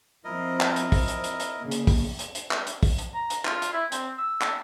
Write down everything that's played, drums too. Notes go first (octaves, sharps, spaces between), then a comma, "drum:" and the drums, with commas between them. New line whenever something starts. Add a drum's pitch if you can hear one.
F3 C4 E4 A#4 D#5
drum: clap
drum: hi-hat
drum: kick, open hi-hat
drum: hi-hat
drum: hi-hat
drum: hi-hat
C#3 A#3
drum: hi-hat
drum: kick, open hi-hat
drum: hi-hat
drum: hi-hat
drum: clap
drum: hi-hat
drum: kick, open hi-hat
drum: hi-hat
A#5
drum: hi-hat
F4, drum: clap
drum: hi-hat
E4
C4, drum: hi-hat
E6
drum: clap